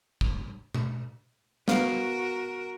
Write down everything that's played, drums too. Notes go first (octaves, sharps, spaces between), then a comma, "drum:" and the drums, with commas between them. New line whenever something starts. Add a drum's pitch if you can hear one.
drum: kick
drum: tom B2
B3 F#4 A#4 F5, drum: snare